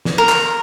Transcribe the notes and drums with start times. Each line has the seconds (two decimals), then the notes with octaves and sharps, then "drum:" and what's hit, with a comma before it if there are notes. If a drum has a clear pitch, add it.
0.05 drum: snare
0.18 A#4
0.29 drum: clap